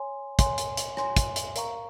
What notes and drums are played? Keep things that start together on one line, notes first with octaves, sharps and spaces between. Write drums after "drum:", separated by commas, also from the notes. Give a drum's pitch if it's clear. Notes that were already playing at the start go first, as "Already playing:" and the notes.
Already playing: C#5 G#5 C6
C#5 G#5 C6, drum: kick, hi-hat
drum: hi-hat
drum: hi-hat
C#5 G#5 C6, drum: rim click
drum: kick, hi-hat
drum: hi-hat
A#4 F5 A#5 C#6, drum: hi-hat